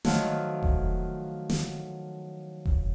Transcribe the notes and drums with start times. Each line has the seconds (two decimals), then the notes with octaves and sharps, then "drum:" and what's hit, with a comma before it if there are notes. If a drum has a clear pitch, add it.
0.05 D#3 F3 F#3 A3, drum: snare
0.63 drum: kick E1
1.50 drum: snare
2.66 drum: kick E1